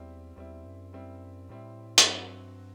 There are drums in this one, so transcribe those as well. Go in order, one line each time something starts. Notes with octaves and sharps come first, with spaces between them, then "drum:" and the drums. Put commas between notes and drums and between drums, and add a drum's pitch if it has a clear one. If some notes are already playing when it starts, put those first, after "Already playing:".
Already playing: E2 G3 C4 E4
E2 G3 C4 E4
F#2
G3 C4 E4
A2 G3 C4 E4
F#2, drum: hi-hat
G2 F#3 C4 F#4